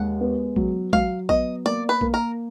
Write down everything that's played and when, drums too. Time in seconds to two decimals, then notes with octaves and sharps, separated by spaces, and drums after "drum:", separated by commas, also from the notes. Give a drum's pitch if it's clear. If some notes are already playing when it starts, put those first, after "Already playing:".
Already playing: D#2 G#3 F#5
0.21 B3
0.56 F#3, drum: kick
0.93 F#3 F5, drum: kick
1.29 B3 D#5, drum: kick
1.65 A#3 D5
1.89 B4
2.01 A#3, drum: kick
2.14 A#4